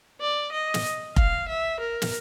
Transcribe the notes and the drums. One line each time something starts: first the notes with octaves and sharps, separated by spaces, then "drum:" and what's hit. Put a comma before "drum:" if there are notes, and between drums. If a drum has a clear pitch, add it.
D5
D#5
drum: snare
F5, drum: kick F1
E5
A#4
drum: snare